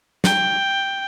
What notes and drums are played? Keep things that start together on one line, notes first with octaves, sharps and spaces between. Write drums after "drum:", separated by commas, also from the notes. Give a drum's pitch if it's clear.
G5, drum: snare